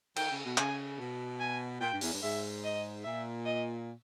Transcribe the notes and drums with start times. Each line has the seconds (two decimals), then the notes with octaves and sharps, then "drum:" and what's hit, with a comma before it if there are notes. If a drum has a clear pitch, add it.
0.16 D#3 G5, drum: cymbal
0.30 C#3
0.44 B2
0.58 C#3 G#5, drum: clap
0.99 B2
1.39 G#5
1.80 A#2 G5
1.91 G2
2.01 E2, drum: open hi-hat
2.11 G2
2.22 G#2 E5
2.64 D#5
3.04 A#2 E5
3.45 D#5